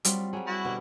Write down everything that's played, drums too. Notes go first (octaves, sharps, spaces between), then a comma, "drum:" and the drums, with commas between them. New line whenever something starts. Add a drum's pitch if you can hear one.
F#3 G3 C4 F4, drum: hi-hat
F#3 G3 G#4
E4 F#4
B2 D3 G3 B3